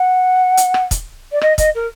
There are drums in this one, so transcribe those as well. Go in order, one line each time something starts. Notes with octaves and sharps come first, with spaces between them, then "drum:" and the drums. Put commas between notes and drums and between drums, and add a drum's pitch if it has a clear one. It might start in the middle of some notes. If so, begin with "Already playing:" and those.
Already playing: F#5
drum: hi-hat
drum: rim click
drum: kick, hi-hat
D5
D#5, drum: rim click
D#5, drum: kick, hi-hat
A#4